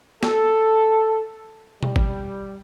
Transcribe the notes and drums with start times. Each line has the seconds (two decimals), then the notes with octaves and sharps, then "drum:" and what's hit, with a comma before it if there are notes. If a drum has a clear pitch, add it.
0.23 A4, drum: snare
1.83 G3, drum: tom B2
1.96 drum: kick G#1